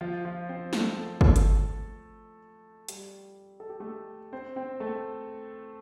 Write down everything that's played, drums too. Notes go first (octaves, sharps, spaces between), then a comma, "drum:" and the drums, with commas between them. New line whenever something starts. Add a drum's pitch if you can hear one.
F3 F4
F3 F4
C4 C5
A3 A4, drum: snare
A3 A4
A3 A4, drum: kick
drum: hi-hat
G3 G4, drum: hi-hat
A4
G4
A3 A4
C4 C5
C4 C5
A3 A4